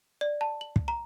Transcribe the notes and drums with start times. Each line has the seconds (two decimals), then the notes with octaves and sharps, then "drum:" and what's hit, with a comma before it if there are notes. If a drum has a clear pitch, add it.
0.21 D5
0.41 A5
0.61 F#7
0.76 drum: kick
0.88 A#5